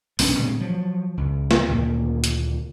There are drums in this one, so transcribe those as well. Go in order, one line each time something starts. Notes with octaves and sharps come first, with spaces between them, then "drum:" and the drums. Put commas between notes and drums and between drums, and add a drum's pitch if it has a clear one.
B1 B3 C#4 D4, drum: open hi-hat
A#2 D3 G#3 C4
F3 F#3
C#2
drum: snare
D2 A#2 D#3 A#3
drum: hi-hat